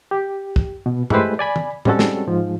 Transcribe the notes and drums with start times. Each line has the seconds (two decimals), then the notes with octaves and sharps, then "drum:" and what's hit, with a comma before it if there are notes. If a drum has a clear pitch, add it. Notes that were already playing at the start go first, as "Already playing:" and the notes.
0.11 G4
0.56 drum: kick
0.86 B2
1.10 G#3 A3 E4 G4 B4 C5, drum: tom G2
1.39 D5 G#5 B5
1.56 drum: tom D#3
1.85 G3 G#3 C4 C#4 F#4 A4, drum: tom A2
1.99 drum: snare
2.27 G#2 F3